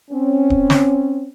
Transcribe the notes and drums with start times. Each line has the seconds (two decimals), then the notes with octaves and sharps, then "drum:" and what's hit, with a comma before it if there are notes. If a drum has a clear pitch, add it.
0.11 C4 C#4
0.50 drum: kick D1
0.70 drum: snare